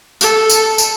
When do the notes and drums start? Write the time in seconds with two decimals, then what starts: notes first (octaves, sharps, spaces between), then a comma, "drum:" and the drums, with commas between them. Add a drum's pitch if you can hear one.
0.21 A4, drum: tambourine
0.50 drum: tambourine
0.78 drum: tambourine